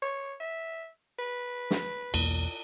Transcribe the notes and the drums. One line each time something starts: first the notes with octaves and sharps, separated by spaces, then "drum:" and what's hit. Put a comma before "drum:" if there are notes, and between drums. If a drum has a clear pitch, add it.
C#5
E5
B4
drum: snare
B1 E2 A#3, drum: cymbal